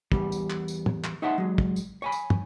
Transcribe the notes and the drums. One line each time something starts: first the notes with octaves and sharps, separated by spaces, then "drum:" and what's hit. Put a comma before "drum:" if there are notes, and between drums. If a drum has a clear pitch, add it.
E2 G#2 G3, drum: kick
drum: tambourine
drum: clap
drum: tambourine
drum: tom
drum: clap
D#4 C#5 E5 F#5 A5 C6
F#3 G#3
drum: kick
drum: tambourine
C#5 G#5 B5
drum: tambourine
drum: tom